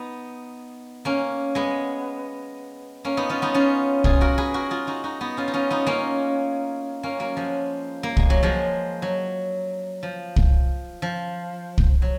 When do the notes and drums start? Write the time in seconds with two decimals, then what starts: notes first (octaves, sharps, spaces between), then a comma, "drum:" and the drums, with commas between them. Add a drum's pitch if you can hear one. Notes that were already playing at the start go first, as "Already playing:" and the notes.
Already playing: B3 D#4
1.05 A#3 C#4
1.55 G#3 B3
3.05 A#3 C#4
3.17 B3 D#4
3.29 C#4 F4
3.42 B3 D#4
3.54 C#4 F4
4.04 F4 G#4, drum: kick
4.21 F#4 A#4
4.38 G#4 B4
4.54 F#4 A#4
4.71 F4 G#4
4.87 D#4 F#4
5.04 D#4 F#4
5.21 B3 D#4
5.37 C#4 F4
5.48 D#4
5.53 C#4 F4
5.70 B3 D#4
5.86 A#3 C#4
7.03 A#3 C#4
7.20 F#3 A#3
7.37 F3 G#3
8.03 A#3
8.17 G#3, drum: kick
8.30 F#3
8.43 F3 G#3
9.02 F#3
10.03 F3
10.36 drum: kick
11.02 F3
11.78 drum: kick
12.02 F#3